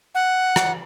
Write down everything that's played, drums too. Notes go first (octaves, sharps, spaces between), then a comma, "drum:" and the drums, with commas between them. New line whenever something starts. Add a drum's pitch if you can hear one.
F#5
drum: rim click